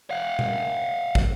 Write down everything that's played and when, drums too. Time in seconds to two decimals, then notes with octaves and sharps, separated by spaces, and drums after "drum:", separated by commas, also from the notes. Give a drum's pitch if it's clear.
0.10 F5 F#5
0.39 drum: tom B2
1.15 drum: kick